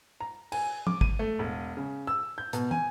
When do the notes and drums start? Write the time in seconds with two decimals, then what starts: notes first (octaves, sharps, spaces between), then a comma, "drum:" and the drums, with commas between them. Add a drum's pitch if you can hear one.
0.21 A#5
0.52 G#5, drum: cymbal
0.87 D6, drum: tom F3
1.01 D#7, drum: kick
1.19 A3
1.39 E1
1.77 C#3
2.07 E6
2.38 G6
2.53 B2, drum: hi-hat
2.71 G#5, drum: tom